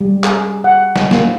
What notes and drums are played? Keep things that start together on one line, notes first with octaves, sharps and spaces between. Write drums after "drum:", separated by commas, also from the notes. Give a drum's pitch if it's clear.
G3
G#4, drum: clap
F#5
drum: snare
A#3, drum: snare